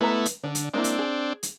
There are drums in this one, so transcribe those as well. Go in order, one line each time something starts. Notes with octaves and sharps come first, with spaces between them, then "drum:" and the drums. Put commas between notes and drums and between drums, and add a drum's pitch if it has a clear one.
G#3 A3 B3 E4 B4 A#5
drum: hi-hat
D3 D4
drum: hi-hat
G#3 A#3 C4 D4 E4
drum: hi-hat
G#4
drum: hi-hat